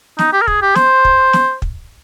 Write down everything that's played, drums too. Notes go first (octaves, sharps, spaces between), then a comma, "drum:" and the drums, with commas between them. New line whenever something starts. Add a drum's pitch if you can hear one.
D#4, drum: snare
G4
A#4
G#4, drum: kick
G4
C5, drum: snare
drum: kick
drum: snare
drum: kick